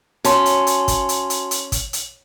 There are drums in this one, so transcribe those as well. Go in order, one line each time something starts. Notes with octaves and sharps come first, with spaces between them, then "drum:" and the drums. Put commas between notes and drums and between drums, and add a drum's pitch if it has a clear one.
C#4 F#4 A5 C6, drum: hi-hat
drum: hi-hat
drum: hi-hat
drum: kick, hi-hat
drum: hi-hat
drum: hi-hat
drum: hi-hat
drum: kick, hi-hat
drum: hi-hat